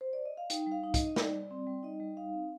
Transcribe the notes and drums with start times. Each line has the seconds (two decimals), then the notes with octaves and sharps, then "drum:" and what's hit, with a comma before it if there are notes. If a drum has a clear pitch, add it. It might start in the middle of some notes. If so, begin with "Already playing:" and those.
0.01 C5
0.13 D5
0.26 D#5
0.37 F5
0.50 D#4 G5, drum: hi-hat
0.67 G3
0.72 F5
0.83 D#4
0.94 D#5, drum: kick, hi-hat
0.99 D#4
1.06 D#5
1.16 G3 D5, drum: snare
1.33 G3
1.51 C4
1.67 G3
1.83 D#4 D#5
2.00 G3
2.17 D#4 F5
2.33 C4